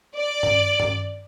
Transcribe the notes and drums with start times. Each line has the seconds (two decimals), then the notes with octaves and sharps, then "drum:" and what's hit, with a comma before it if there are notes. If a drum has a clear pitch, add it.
0.13 D5
0.43 drum: tom G2
0.80 drum: tom G2